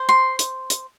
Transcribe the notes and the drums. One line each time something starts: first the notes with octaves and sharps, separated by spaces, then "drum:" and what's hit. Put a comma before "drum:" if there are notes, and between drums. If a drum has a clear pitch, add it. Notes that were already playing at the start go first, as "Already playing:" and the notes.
Already playing: C5
C6
drum: hi-hat
drum: hi-hat